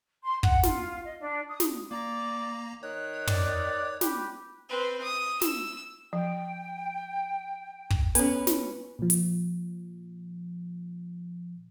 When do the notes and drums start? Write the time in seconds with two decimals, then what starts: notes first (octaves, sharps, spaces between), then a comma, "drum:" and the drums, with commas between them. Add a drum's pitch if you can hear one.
0.24 C6
0.43 F#5, drum: kick
0.63 F4, drum: snare
1.04 D#5
1.20 D4
1.48 D#6
1.60 drum: snare
1.91 A#3 D5 A#5 A#6
2.83 D#3 C#5 F#6
3.27 D5, drum: tom
4.01 G4 B4, drum: snare
4.69 C4 B4
5.03 D#6
5.41 E6, drum: snare
6.13 F3 G5
7.90 drum: kick
8.15 B3 C#4 B4, drum: hi-hat
8.47 drum: snare
8.99 A#2 F3
9.10 drum: hi-hat